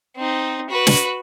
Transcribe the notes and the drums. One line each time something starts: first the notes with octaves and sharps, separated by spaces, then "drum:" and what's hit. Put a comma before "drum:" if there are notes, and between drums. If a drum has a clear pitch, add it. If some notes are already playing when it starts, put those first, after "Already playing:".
C4 D#4
F#4 B4
drum: snare